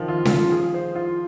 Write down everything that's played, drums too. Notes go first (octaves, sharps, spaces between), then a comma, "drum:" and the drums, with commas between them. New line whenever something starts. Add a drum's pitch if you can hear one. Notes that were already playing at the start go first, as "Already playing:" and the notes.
Already playing: D#3 F3 C4
F4
D#3, drum: snare C#4
F3 F4
G#4
C5
F4